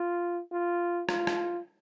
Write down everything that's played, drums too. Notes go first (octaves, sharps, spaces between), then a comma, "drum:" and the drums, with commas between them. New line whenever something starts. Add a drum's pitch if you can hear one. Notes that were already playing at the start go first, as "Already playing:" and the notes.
Already playing: F4
F4
F4, drum: rim click
drum: rim click